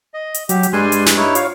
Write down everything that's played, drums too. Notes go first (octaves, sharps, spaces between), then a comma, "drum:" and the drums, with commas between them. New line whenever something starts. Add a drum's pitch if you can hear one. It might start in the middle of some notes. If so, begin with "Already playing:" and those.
D#5
drum: hi-hat
F#3 G4, drum: hi-hat
drum: hi-hat
G2 G#3 D5 G#5 C6
drum: hi-hat
drum: snare
D#4 E4 C#5
F4 C#5 F5, drum: hi-hat